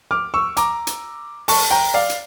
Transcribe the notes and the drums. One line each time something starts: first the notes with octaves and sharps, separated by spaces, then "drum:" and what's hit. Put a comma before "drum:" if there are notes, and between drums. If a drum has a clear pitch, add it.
D6 F6
C#6 E6
A#5 D6, drum: hi-hat
drum: hi-hat
A5 C#6, drum: open hi-hat
G5 A#5
D5 F5
drum: hi-hat